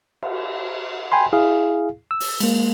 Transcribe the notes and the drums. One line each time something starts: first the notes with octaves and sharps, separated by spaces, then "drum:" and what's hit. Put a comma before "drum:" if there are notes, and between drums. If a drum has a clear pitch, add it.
drum: cymbal
G5 G#5 B5 C6
E4 G#4 F5
E6
drum: open hi-hat
G#3 A#3, drum: cymbal